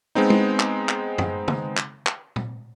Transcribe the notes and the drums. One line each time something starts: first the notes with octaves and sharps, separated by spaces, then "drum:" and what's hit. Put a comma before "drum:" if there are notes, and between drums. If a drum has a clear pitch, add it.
G#3 B3 C4 D#4
drum: tom
drum: clap
drum: clap
drum: tom F#2
drum: tom
drum: clap
drum: clap
drum: tom A#2